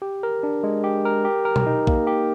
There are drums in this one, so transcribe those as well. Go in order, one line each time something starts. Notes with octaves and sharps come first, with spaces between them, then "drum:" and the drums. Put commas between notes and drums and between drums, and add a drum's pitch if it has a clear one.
G4
A#4
D4
G#3
G4
A#4
G4
A#4
drum: tom B2
D#4
A#3, drum: kick B1
G4